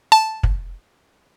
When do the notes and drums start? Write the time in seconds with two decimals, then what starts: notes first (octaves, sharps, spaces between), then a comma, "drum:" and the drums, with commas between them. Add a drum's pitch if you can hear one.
0.12 A5
0.43 drum: kick